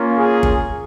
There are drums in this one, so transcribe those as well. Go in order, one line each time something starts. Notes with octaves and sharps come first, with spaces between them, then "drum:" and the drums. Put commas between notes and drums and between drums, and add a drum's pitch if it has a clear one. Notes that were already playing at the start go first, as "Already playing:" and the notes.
Already playing: A#3 C#4 F4
G#4
drum: kick G1